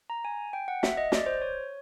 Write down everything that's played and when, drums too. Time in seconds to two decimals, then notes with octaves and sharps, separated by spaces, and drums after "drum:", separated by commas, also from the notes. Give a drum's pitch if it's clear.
0.10 A#5
0.25 G#5
0.53 G5
0.68 F#5
0.83 E5, drum: snare
0.97 D#5
1.12 D5, drum: snare
1.26 C5
1.42 C#5